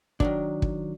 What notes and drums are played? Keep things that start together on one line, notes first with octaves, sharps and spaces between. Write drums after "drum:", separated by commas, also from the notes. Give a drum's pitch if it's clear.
D#3 F#3 D4, drum: kick
drum: kick